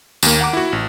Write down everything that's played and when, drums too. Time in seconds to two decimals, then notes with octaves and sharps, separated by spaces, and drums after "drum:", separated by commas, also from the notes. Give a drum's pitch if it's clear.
0.23 D#2 A#3, drum: tambourine
0.41 F#5 A#5 D6
0.53 E4 F#4
0.73 A1